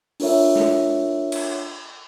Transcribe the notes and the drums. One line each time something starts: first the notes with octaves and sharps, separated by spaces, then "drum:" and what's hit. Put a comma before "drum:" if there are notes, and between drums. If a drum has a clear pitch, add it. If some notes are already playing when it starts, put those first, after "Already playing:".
D4 F4 A#4 C#5 E5, drum: open hi-hat
drum: snare
drum: cymbal